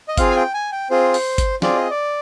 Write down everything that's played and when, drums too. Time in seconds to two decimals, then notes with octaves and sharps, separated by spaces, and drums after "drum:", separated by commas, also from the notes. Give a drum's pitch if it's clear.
0.09 D#5
0.18 C4 F4 G#4 F5, drum: kick G1, hi-hat
0.31 G#5
0.36 G5
0.54 G#5
0.72 G5
0.90 C4 F4 G#4 C5
1.14 drum: open hi-hat
1.38 drum: kick G1, hi-hat
1.62 C4 F4 G#4 D5, drum: snare
1.77 D#5
1.91 D5